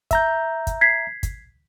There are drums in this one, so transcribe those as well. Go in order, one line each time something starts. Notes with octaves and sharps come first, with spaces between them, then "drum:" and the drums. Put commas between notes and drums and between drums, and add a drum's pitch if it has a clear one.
E5 A#5 G6, drum: kick, hi-hat
drum: kick, hi-hat
G#6 B6 C7
drum: kick, hi-hat